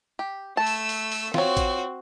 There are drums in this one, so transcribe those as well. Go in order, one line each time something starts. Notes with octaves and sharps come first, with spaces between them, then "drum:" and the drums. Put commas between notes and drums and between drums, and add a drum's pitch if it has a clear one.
G4
A3 A5 E6
drum: open hi-hat
drum: open hi-hat
drum: open hi-hat
C4 F4 F#4 C#5, drum: snare
drum: kick A1, hi-hat